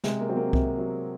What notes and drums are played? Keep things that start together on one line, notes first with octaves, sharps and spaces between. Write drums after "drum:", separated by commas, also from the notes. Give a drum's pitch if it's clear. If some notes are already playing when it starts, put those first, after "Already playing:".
C3 G#3, drum: snare
A#3
F#3 C4
A#3
C3 A#3, drum: kick C2
F#3